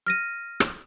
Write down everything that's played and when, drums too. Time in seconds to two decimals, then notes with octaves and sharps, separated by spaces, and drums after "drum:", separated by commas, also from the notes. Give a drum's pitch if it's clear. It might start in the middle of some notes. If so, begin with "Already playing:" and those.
0.07 F6 A#6 D#7
0.60 drum: rim click